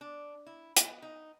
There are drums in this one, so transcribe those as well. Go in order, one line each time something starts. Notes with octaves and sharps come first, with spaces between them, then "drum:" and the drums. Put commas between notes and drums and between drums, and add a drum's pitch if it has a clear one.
D4
E4
B3, drum: hi-hat
D#4